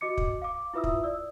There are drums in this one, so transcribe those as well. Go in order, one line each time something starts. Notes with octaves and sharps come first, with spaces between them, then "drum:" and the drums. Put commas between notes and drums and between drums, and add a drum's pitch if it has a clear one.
F#4 D#5 D6 C#7
drum: kick
F5 D6
E4 F4 B4 E5 D#6 E6
drum: kick
D5 E6